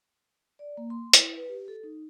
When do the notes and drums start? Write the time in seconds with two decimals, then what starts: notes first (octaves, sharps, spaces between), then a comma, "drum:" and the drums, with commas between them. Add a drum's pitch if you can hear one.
0.59 D5
0.77 A#3
0.90 C6
1.13 E4, drum: hi-hat
1.36 B4
1.49 G4
1.68 A4
1.84 D#4